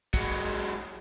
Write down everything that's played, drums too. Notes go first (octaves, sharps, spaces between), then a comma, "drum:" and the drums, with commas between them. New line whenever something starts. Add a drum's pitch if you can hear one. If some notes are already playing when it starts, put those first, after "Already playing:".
F#3 G#3, drum: kick, cymbal